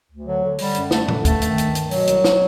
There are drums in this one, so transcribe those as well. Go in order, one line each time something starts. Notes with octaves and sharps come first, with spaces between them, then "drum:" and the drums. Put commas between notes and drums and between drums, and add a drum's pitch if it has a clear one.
D2
D3 F#3
D3
D3 G3, drum: open hi-hat
F#2, drum: hi-hat
F#2 A3, drum: snare
D3, drum: tom
G2 A3, drum: kick D2, hi-hat
D#3, drum: hi-hat
G2, drum: hi-hat
D#3, drum: hi-hat
B2 F#3, drum: open hi-hat
C2, drum: hi-hat
drum: snare